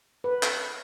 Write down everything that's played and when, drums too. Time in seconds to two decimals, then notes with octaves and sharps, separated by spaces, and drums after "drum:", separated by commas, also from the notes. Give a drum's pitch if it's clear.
0.24 B4
0.43 drum: clap